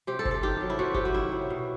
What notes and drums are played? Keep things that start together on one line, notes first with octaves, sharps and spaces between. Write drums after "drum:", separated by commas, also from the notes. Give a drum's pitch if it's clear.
C3 G4
A4
C3, drum: kick F#1
A4
D#3 G4
F#3
E4
C3 F#4
C3 G4, drum: kick F#1
F#4
D#3 E4
F#3
B2